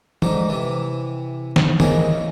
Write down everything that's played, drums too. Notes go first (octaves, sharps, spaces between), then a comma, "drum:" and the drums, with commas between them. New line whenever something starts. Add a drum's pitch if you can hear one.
G#2 D3 D#4 D6, drum: tom
C3 E3
drum: snare
A1 C#3 C4 D#4 G#4 A#4, drum: tom